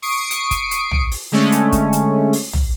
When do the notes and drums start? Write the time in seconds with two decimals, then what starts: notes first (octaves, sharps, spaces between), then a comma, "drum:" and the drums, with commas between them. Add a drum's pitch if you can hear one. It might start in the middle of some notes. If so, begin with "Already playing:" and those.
0.02 C#6 D#6 C7 D7
0.31 drum: hi-hat
0.51 drum: kick, hi-hat
0.71 drum: hi-hat
0.91 drum: tom
1.12 drum: open hi-hat
1.32 D3 G#3 A3 C#4
1.52 drum: hi-hat
1.72 drum: kick, hi-hat
1.93 drum: hi-hat
2.33 drum: open hi-hat
2.53 drum: tom